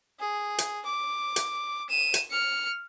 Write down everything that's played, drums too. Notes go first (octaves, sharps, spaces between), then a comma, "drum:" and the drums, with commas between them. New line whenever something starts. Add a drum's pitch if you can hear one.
G#4
drum: hi-hat
D6
drum: hi-hat
D#7 E7
drum: hi-hat
F6 C#7